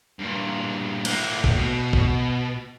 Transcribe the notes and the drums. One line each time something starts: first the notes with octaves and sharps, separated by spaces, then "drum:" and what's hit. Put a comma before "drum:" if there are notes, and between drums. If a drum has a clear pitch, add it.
G2 A#2
A2 A#3, drum: cymbal
drum: kick
B2
drum: kick